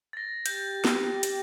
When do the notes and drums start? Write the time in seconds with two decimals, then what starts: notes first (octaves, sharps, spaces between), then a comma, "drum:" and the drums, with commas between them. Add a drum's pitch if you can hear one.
0.13 A6
0.17 A#6
0.46 G4 G6, drum: hi-hat
0.85 drum: snare
1.23 drum: hi-hat